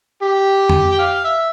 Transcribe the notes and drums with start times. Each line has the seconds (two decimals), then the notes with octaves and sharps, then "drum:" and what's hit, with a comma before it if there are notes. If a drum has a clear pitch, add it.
0.22 G4
0.69 drum: tom F2
0.92 G5
0.99 F5
1.24 E5